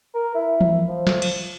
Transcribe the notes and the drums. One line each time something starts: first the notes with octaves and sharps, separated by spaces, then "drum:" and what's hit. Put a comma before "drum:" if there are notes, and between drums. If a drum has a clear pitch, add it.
A#4
E4
drum: tom E3
F3
drum: snare
drum: cymbal